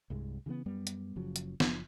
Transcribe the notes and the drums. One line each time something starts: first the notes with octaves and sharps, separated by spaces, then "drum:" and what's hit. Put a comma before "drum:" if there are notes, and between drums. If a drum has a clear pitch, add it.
C2 G2 G#3
C#3 E3 G3 B3
F#2 G3 B3
drum: hi-hat
F#1 C#3 F3 F#3
drum: hi-hat
F#1 F3, drum: snare